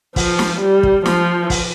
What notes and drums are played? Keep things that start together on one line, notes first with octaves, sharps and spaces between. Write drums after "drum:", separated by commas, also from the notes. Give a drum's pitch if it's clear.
F3, drum: kick, open hi-hat
drum: snare
G3
drum: kick
F3, drum: snare
drum: kick, open hi-hat